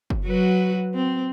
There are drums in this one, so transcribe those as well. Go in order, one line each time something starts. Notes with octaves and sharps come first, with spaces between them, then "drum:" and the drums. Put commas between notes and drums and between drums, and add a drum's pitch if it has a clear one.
drum: kick F#1
F#3 F#4 B4
C4